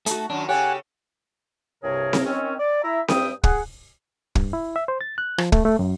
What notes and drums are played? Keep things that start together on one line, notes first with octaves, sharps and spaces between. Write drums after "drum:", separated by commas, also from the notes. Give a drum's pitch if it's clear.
A3 D#4 F#4 A4, drum: hi-hat
F#2 D#3 F#3 D4
C#3 G4 A4 C#5 F#5 G#5
C2 G2 C3 G#4 A#4 C#5
drum: snare C4
D#3 C4 C#4
D5
E4 E5 A#5
G2 C4 E5 G5 D#6, drum: snare C4
G#4 F#5, drum: kick
G2, drum: kick
E4
E5
C5
A6
F#6
F3, drum: rim click
A3, drum: kick
A3
F#2